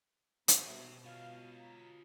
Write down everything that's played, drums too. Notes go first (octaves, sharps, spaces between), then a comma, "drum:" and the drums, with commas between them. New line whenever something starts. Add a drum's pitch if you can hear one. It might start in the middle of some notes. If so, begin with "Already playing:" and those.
B2 B3 G4 C5 E5, drum: hi-hat
F4 C#5 F5
A#5 B6